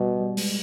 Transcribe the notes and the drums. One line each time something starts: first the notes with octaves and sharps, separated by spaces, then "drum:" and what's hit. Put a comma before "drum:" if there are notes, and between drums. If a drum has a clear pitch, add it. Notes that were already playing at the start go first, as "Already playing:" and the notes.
Already playing: B2 G3
G3
G#3, drum: open hi-hat